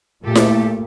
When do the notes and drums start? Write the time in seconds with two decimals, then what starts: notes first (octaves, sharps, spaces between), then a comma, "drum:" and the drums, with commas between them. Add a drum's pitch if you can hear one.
0.24 A#2 A3 G4 A4
0.35 drum: snare E4